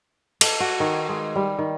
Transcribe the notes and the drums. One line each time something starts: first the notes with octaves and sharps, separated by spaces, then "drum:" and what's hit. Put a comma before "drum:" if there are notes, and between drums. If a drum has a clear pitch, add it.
A4, drum: cymbal
F#4
D#3
G#3
G3
D#3